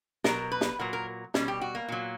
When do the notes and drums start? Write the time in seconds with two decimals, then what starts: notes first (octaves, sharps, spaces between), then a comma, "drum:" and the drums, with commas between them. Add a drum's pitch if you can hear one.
0.24 B2 F#3 A#4, drum: snare
0.52 B4
0.61 drum: snare
0.79 A#2 F#3 A#4
0.93 A#4
1.34 B2 G3 C#4, drum: snare
1.48 G4
1.61 F#4
1.75 A#3
1.89 A#2 F#3